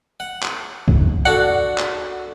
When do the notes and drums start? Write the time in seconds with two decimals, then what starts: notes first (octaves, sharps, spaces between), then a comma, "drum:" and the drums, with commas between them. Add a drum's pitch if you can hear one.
0.20 F#5
0.43 drum: clap
0.88 drum: kick
1.25 D4 F#4 A4 F#5
1.78 drum: clap